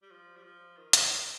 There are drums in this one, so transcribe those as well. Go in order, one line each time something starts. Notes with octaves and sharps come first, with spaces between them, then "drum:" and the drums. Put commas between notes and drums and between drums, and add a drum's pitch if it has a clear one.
G3
F3
G3
F3
D#3
D3, drum: hi-hat
D#3